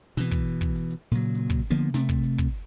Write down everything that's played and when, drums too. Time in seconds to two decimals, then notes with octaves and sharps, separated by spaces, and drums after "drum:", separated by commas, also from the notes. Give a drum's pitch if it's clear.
0.17 B2 E3, drum: snare
0.31 drum: kick, hi-hat
0.61 drum: kick, hi-hat
0.76 drum: hi-hat
0.91 drum: hi-hat
1.11 A#2 C#3 F#3
1.35 drum: hi-hat
1.50 drum: kick, hi-hat
1.70 D3 F3 A#3 B3
1.94 C3 A3, drum: snare
2.09 drum: kick, hi-hat
2.24 drum: hi-hat
2.38 drum: kick, hi-hat